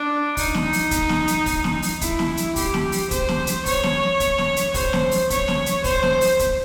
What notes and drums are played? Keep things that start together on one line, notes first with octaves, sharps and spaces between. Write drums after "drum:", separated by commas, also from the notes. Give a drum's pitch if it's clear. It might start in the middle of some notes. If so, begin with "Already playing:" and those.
Already playing: D4
D#4, drum: kick, open hi-hat
drum: snare
drum: open hi-hat
drum: kick, hi-hat
drum: snare
drum: hi-hat
drum: kick, open hi-hat
drum: snare
drum: open hi-hat
E4, drum: kick, hi-hat
drum: snare
drum: hi-hat
G4, drum: kick, open hi-hat
drum: snare
drum: open hi-hat
C5, drum: kick, hi-hat
drum: snare
drum: hi-hat
C#5, drum: kick, open hi-hat
drum: snare
drum: kick, hi-hat
drum: snare
drum: hi-hat
C5, drum: kick, open hi-hat
drum: snare
drum: open hi-hat
C#5, drum: kick, hi-hat
drum: snare
drum: hi-hat
C5, drum: kick, open hi-hat
drum: snare
drum: open hi-hat
drum: kick, hi-hat